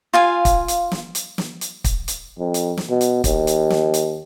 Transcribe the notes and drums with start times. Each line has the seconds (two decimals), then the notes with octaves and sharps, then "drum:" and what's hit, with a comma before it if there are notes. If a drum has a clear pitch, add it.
0.13 F4 F5 G#5
0.45 drum: kick, hi-hat
0.68 drum: hi-hat
0.92 drum: snare
1.15 drum: hi-hat
1.38 drum: snare
1.61 drum: hi-hat
1.84 drum: kick, hi-hat
2.08 drum: hi-hat
2.39 F2
2.54 drum: hi-hat
2.77 drum: snare
2.89 B2
3.01 drum: hi-hat
3.24 D#2, drum: kick, hi-hat
3.47 drum: hi-hat
3.70 drum: snare
3.94 drum: hi-hat